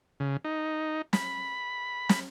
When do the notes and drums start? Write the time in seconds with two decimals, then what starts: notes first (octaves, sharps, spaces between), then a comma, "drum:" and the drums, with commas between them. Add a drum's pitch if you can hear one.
0.20 C#3
0.45 D#4
1.13 B5, drum: snare
2.09 drum: snare